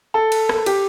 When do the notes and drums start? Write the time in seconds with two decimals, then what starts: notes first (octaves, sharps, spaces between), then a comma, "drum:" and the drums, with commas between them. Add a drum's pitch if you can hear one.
0.14 A4
0.32 drum: cymbal
0.49 drum: rim click
0.66 G4, drum: cymbal